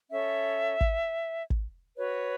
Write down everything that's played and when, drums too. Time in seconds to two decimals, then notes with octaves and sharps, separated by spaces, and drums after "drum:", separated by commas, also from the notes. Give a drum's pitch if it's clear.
0.10 C#4 A4 C#5 E5
0.81 drum: kick
1.50 drum: kick
1.96 F#4 B4 C#5